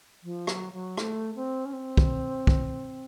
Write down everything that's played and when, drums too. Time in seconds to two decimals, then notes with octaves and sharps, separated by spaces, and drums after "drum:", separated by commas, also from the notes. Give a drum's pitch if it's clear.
0.23 F3
0.47 F#3, drum: rim click
0.73 F#3
0.97 A3, drum: rim click
1.36 C4
1.66 C#4
1.73 C4
1.97 drum: kick
2.47 drum: kick